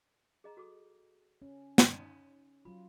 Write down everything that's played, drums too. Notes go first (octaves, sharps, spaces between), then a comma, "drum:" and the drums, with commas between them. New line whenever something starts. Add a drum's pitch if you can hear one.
G#4 D#5 A#5
F#4 A4 D6
C#4
D#4, drum: snare
F#3 F4 B5